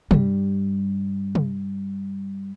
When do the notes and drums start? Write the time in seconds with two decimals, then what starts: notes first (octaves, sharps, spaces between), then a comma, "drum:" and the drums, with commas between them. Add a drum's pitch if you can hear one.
0.11 G2 G3, drum: tom C3
1.35 drum: tom C3